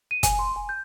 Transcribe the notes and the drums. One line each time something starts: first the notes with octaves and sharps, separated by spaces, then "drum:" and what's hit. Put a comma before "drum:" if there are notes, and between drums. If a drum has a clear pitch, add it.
D#7
G#5, drum: kick, hi-hat
C6
G#5
G6